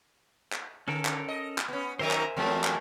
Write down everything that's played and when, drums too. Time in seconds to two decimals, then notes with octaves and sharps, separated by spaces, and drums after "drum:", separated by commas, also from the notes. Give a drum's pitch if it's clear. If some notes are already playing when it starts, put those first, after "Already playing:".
0.52 drum: clap
0.88 D3 C#4 A4 A#4
1.05 drum: clap
1.28 D#5
1.58 drum: clap
1.68 B3 C#4
1.99 D#3 F#3 D#4 A#4 C5 E5 G#5 A#5
2.11 drum: clap
2.37 E2 F#3 G#3 A3 A#4
2.64 drum: clap